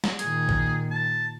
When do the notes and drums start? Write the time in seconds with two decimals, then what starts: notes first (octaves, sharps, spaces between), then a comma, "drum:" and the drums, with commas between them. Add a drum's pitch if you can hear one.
0.04 drum: snare
0.19 A#2 D#3 G#4, drum: hi-hat
0.49 drum: kick
0.91 A5